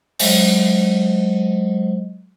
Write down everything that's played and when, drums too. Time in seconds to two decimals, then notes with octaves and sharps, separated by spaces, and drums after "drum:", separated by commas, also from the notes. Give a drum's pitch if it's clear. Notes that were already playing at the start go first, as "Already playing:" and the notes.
0.19 F#3 G#3 C5 D#5, drum: open hi-hat